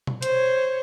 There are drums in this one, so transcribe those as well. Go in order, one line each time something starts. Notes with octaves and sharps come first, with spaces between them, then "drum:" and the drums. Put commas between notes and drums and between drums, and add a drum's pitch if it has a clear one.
drum: tom B2
C5 C#5, drum: hi-hat